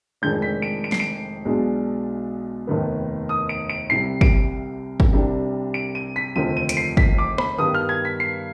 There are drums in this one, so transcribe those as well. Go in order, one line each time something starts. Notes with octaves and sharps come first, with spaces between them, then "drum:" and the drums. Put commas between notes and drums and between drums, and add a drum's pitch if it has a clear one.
F1 F2 D#3 G#3 D4 G6
B6
D7
D7
C7, drum: snare
D7
B1 B2 G#3 D4
F1 D#2 D#3 B3
D#6
D7
D7
C2 C3 G3 C7
D7, drum: kick
drum: kick
C2 C3 G3 D4
D7
D#7
B6
F1 D#2 D3 F3 C4 D#7
D#7
D7, drum: hi-hat
C7
B6, drum: kick
D6
B5, drum: rim click
G2 D#3 G3 B3 D#6
F6
G#6
B6
C7